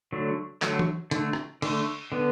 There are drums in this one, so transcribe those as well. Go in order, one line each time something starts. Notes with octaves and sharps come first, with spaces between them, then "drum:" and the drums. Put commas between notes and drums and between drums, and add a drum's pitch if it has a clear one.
D3 F#3 A3
D3 F#3 A3, drum: clap
drum: tom
D3 A3, drum: hi-hat
drum: rim click
D3 A3, drum: cymbal
D3 B3